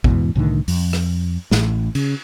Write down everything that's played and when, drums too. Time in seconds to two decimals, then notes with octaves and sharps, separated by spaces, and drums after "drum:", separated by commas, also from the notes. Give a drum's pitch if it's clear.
0.04 E2 G#2 B2 E3, drum: kick
0.35 C2 A2 D3 D#3
0.68 F2, drum: open hi-hat
0.93 drum: rim click
1.51 A1 A2, drum: snare
1.95 C#3, drum: cymbal